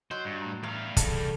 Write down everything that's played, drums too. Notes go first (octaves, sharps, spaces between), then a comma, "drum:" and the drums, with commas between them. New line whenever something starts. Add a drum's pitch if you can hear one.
F#3 C5 D#5
G2
A2 A#5
E2 G3 F5
C3 E3 G#4 A4, drum: kick, hi-hat